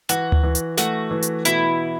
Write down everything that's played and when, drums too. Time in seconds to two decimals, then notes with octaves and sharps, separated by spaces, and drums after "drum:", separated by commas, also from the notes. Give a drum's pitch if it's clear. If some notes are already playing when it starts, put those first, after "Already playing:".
0.09 E3 F#4, drum: hi-hat
0.32 drum: tom D2
0.43 E3
0.55 drum: hi-hat
0.77 A3 F#4, drum: snare
1.11 E3
1.22 drum: hi-hat
1.45 B2 E4, drum: hi-hat